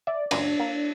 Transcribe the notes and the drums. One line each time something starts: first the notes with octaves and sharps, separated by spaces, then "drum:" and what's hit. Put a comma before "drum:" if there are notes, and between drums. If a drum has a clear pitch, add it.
D5 E5
C#2 F#2 A#2 D4, drum: cymbal
A#3